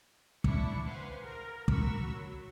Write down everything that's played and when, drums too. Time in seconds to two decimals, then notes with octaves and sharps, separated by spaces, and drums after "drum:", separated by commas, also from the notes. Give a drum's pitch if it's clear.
0.44 D4 E4 C#6 C#7, drum: kick
0.84 B4 C5 F5 F#5 G#5
1.22 A#4
1.68 F#4 A#4 B5 C#6 E6, drum: kick
2.12 F#3